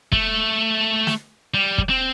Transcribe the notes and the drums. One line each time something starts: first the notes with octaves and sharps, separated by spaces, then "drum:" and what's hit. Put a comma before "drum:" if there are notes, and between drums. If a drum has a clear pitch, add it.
A3, drum: kick
drum: snare
G3
drum: kick
C4